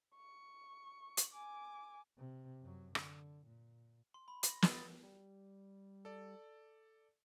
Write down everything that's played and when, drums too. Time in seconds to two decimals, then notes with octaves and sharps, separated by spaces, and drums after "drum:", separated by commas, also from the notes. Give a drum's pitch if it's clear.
0.16 C#6
1.17 drum: hi-hat
1.33 G#5 D6
2.17 C3
2.61 F#2 F#3
2.95 D3, drum: rim click
3.45 A#2
4.14 C6
4.28 B5
4.43 A#6, drum: hi-hat
4.62 D#6, drum: snare
4.74 A6
5.03 G3
6.05 A4 D5